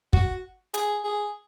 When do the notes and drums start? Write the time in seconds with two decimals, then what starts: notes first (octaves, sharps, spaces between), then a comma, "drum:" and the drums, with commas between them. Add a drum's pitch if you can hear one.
0.13 F#4, drum: kick
0.74 G#4, drum: hi-hat
1.04 G#4